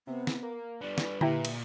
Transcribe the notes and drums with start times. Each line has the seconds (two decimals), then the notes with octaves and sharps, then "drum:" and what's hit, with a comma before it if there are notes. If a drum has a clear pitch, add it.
0.07 C3 B3
0.27 drum: snare
0.43 A#3
0.81 D3 G3 B4 D5
0.98 drum: snare
1.21 A#2 E4 G4 E5 A#5, drum: tom D3
1.45 drum: cymbal